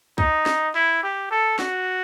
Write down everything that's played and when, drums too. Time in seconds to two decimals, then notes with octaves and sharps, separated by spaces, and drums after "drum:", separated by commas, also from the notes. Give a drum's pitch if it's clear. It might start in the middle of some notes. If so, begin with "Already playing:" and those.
0.18 D#4, drum: kick
0.46 drum: snare
0.75 E4
1.03 G4
1.31 A4
1.59 F#4, drum: snare